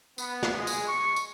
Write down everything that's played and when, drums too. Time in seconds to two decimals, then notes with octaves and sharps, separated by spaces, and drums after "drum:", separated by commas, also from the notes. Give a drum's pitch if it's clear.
0.18 B3, drum: tambourine
0.43 drum: snare
0.57 G#3
0.67 drum: tambourine
0.88 C#6
1.16 drum: tambourine